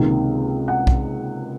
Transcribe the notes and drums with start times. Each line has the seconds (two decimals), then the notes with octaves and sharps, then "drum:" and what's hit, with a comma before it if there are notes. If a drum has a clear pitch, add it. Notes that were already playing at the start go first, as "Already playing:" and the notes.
Already playing: C#2 C3 D#3 A#3
0.68 F#5
0.87 drum: kick B1